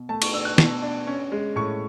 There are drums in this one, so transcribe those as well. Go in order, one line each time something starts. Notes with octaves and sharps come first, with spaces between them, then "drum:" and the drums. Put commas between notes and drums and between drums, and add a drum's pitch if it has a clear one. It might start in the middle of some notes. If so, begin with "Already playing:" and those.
Already playing: B2
A3 A5
C#6, drum: cymbal
D4 E6
F#6
B2, drum: snare
D4
C#4
G#3
A2 C#6